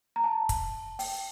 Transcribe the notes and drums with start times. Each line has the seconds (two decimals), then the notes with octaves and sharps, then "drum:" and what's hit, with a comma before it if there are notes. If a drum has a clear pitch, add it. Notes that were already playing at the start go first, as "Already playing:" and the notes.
0.16 A#5
0.24 A5
0.49 drum: kick, hi-hat
0.99 G5, drum: open hi-hat